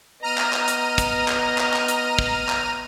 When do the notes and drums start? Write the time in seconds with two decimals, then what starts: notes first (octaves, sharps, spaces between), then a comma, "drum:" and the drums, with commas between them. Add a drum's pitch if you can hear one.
0.23 B3 D#5 A#5 F6 D#7
0.38 drum: clap
0.53 drum: clap
0.68 drum: hi-hat
0.98 drum: kick, hi-hat
1.28 drum: clap
1.58 drum: clap
1.73 drum: clap
1.88 drum: hi-hat
2.19 drum: kick
2.49 drum: clap